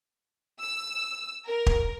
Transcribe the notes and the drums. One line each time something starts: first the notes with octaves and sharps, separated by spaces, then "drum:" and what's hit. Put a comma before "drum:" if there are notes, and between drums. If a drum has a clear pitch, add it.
E6
A#4
drum: kick